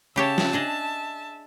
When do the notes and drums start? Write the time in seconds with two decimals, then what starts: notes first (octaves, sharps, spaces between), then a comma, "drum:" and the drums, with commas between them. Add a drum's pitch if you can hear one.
0.16 C#3 G4 C#5 E5 A5
0.38 drum: snare
0.53 D4 G#4 D#5